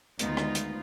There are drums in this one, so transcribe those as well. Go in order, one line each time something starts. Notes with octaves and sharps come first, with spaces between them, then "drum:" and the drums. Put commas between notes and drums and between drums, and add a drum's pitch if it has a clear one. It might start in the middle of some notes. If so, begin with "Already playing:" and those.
D2 D#3 G#3 B3 D#4 F4, drum: hi-hat
drum: rim click
drum: hi-hat